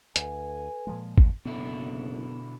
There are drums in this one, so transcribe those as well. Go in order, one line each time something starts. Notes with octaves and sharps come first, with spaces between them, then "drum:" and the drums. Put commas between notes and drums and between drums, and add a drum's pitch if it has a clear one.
D2 A4 B4 G#5, drum: hi-hat
A#2 F3 G#3
drum: kick G#1
F#1 B2 D3 B3 E4